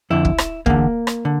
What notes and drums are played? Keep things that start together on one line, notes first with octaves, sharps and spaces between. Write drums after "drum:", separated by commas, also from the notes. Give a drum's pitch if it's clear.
F2 D3 E4
drum: kick
drum: rim click
E2 D3 A#3, drum: kick
drum: rim click
D3